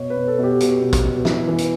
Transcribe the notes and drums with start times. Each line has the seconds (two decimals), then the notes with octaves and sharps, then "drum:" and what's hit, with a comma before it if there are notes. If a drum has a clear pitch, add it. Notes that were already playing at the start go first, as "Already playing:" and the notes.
Already playing: B2 C#5
0.10 B4
0.16 B2
0.28 A4
0.38 B2 G4
0.60 B2 F#4, drum: hi-hat
0.81 B2
0.93 drum: kick, hi-hat
1.04 B2
1.17 F#4
1.25 E3 E4, drum: snare
1.48 E3
1.58 drum: hi-hat